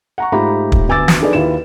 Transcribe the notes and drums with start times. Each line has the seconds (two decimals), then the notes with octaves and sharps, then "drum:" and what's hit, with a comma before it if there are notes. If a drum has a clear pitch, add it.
0.18 F#5 A#5 C#6
0.32 G#2 A3 F4 G4 A#5 B5
0.72 drum: kick
0.88 D2 B3 G#5 D6 E6 A6
1.08 drum: snare
1.21 D4 D#4 G#4 A4 B4 D5
1.33 D#2 E4 F4 B4 E7